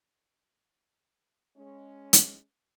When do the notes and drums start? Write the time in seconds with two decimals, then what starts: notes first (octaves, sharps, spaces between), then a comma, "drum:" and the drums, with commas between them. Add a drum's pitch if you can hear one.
1.57 G#3 C#4
2.13 drum: hi-hat